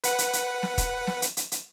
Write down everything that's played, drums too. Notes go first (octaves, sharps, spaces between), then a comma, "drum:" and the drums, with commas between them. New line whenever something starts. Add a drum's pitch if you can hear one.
B4 F#5, drum: hi-hat
drum: hi-hat
drum: hi-hat
drum: snare
drum: kick, hi-hat
drum: snare
drum: hi-hat
drum: hi-hat
drum: hi-hat